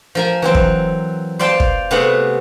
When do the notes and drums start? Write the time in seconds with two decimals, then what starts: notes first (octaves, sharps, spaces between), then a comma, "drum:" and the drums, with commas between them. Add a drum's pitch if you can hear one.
0.15 F3 A#4 G#5
0.42 E3 F#3 C4
0.55 drum: kick
1.39 C5 D5 F5 G5 A5
1.60 drum: kick
1.91 C3 A3 B3 G#4 B4 F#5